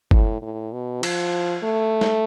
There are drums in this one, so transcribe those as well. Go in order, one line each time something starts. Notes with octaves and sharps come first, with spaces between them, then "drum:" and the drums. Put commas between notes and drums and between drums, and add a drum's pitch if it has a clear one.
A2, drum: kick
A2
B2
F3, drum: cymbal
A3
drum: snare